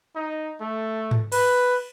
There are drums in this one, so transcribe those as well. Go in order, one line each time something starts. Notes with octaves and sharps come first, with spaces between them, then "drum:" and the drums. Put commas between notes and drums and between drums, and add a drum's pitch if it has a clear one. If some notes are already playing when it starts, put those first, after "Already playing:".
D#4
A3
drum: tom G#2
B4, drum: cymbal